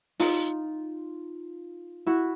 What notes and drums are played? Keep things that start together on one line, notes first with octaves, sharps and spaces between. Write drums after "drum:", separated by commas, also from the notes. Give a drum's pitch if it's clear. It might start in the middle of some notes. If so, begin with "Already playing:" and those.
D#4 F4, drum: open hi-hat
E4 F#4